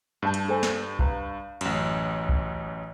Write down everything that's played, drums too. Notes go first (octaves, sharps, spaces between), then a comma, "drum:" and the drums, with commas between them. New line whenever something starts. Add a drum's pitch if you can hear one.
G2 D4 A5 G6
drum: hi-hat
A4 C5 G#5
drum: snare
B4 F5 A#5, drum: kick B1
A1 F#2, drum: cymbal
drum: kick B1